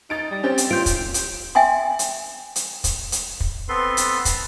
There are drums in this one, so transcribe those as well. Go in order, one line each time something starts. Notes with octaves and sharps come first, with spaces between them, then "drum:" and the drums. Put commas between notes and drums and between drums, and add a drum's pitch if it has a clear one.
D#4 A6 D7
G3
C4 C#4 G4
drum: hi-hat
F4 G4 G6 D7
drum: kick, hi-hat
drum: hi-hat
E5 G5 G#5 C6
drum: hi-hat
drum: hi-hat
drum: kick, hi-hat
drum: hi-hat
drum: kick
B3 C4 A4 B4 C6
drum: hi-hat
drum: kick, hi-hat